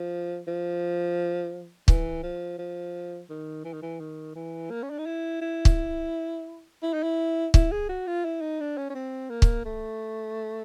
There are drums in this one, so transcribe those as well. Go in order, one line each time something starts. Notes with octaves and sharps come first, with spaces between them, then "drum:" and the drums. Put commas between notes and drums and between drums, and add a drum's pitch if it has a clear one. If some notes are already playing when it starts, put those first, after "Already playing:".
Already playing: F3
F3
E3, drum: kick
F3
F3
D#3
E3
D#3
E3
D#3
E3
A#3
C#4
D4
D#4
E4
E4
drum: kick
E4
D#4
E4
E4, drum: kick
G#4
F#4
F4
E4
D#4
D4
C#4
C#4
C4
A#3
drum: kick
A3